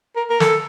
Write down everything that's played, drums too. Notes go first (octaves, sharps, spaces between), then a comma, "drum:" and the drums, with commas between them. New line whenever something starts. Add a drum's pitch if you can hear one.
A#4
A#4
A4, drum: snare